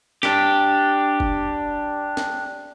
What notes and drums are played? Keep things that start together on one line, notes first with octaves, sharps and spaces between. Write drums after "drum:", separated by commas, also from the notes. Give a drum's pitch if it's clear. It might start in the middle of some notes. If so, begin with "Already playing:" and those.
D4 G4, drum: snare
drum: kick
drum: snare